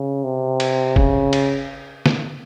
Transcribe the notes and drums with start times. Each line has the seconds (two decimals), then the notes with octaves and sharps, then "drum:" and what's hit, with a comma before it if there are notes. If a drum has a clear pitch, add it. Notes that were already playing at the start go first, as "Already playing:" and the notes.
Already playing: C#3
0.24 C3
0.60 drum: cymbal
0.96 C#3, drum: kick
1.33 drum: cymbal
2.06 drum: snare